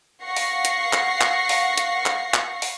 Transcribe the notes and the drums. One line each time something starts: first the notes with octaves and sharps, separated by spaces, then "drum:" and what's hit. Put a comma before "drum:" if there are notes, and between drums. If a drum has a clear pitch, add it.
F5 F#5 C#6 A#6 C7
drum: open hi-hat
drum: hi-hat
drum: clap
drum: clap
drum: open hi-hat
drum: hi-hat
drum: clap
drum: clap
drum: open hi-hat